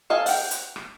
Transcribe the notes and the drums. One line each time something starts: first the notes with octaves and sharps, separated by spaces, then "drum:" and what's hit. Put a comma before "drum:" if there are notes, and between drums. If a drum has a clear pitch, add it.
A4 D#5 F5 G#5 A5
F#5 G5, drum: open hi-hat
drum: hi-hat
drum: rim click